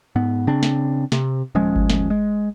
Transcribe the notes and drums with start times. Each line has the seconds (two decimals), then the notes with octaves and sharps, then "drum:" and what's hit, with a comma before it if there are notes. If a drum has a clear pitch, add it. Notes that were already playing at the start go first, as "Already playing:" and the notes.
0.15 G#2 B3
0.47 C#3 C4 D4
0.63 drum: snare
1.12 C3, drum: snare
1.55 D#1 F3 G#3 C#4
1.76 drum: kick G1
1.90 drum: snare
2.10 G#3